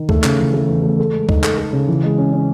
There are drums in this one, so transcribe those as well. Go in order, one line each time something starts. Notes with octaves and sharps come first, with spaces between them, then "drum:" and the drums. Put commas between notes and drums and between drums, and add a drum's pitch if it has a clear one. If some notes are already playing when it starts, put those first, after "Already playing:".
Already playing: D#3
A3, drum: kick
C#3, drum: clap
E3
A3
E2
A3
A4
G#3
D#4, drum: kick
A4, drum: clap
A4
C#3
E3
G#3
C#4
C#4